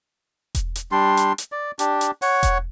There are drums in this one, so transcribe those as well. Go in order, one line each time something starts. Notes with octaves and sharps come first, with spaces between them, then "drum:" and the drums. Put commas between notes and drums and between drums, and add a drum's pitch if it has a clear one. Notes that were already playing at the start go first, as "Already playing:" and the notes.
drum: kick E1, hi-hat
drum: hi-hat
G3 D4 C6
drum: hi-hat
drum: hi-hat
D5
D4 G4, drum: hi-hat
drum: hi-hat
C#5 F#5, drum: open hi-hat
drum: kick E1, hi-hat